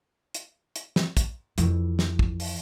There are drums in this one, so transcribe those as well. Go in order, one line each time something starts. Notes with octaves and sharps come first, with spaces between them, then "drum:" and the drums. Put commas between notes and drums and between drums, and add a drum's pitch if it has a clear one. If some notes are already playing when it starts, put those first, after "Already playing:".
drum: hi-hat
drum: hi-hat
drum: snare
drum: kick, hi-hat
F2 E3, drum: hi-hat
drum: snare
drum: kick
drum: open hi-hat